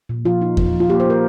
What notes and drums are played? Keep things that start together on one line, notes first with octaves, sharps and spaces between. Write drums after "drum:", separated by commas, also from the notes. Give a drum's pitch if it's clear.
A#2
F3 F4
D#4
D#4, drum: kick E2
F3
F4
A#3 G4
C5
A#3 A#4